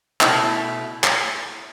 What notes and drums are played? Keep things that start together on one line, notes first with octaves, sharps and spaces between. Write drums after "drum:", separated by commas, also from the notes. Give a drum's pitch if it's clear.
B2 A3 E4, drum: clap
drum: clap